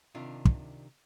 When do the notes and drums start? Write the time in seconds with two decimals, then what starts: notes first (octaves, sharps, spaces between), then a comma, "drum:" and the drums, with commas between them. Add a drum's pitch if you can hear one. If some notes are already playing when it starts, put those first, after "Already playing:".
0.15 C3 D#3 D4 F4
0.45 drum: kick